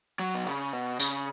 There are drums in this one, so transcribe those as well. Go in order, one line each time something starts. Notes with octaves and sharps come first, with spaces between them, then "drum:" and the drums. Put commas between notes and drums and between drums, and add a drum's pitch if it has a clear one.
F#3
B2
C#3
B2
C#3, drum: tambourine